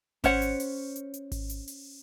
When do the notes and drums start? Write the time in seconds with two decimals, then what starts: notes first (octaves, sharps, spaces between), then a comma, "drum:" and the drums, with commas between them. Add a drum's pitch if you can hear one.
0.24 C#4 C5 C#5 F#5, drum: kick G#1, open hi-hat
0.42 drum: hi-hat
0.60 drum: open hi-hat
0.96 drum: hi-hat
1.14 drum: hi-hat
1.32 drum: kick G#1, open hi-hat
1.50 drum: hi-hat
1.67 drum: open hi-hat